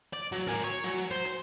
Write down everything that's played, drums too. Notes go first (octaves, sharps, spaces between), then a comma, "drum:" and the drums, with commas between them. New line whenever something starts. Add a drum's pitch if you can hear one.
D5
F#3, drum: hi-hat
A#4 G#5
C#5
F#3, drum: hi-hat
drum: hi-hat
C5, drum: hi-hat
drum: hi-hat